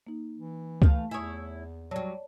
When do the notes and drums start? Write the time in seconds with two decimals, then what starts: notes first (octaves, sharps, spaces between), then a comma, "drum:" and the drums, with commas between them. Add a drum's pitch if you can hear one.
0.07 A#3 D#4
0.37 E3
0.82 A3 F5, drum: kick C#2
1.11 E2 E4 C#5 G#5 D#6
1.91 F#3 G3 C#5 D5 A5